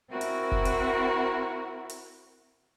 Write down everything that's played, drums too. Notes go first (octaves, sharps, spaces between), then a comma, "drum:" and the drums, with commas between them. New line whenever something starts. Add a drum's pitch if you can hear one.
C4 E4 F#4 A#4
drum: hi-hat
drum: kick F1
drum: hi-hat
drum: hi-hat